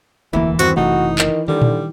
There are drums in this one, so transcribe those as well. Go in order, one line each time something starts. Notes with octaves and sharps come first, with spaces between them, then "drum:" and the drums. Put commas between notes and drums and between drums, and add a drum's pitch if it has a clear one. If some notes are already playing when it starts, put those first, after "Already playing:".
E1 D2 E3 A#3 E4
E2 G2 D#3 C4 F#4, drum: hi-hat
F#1 C3 A3 D#4 F#4
D#3, drum: clap
D3 D#3 G3
drum: tom A#2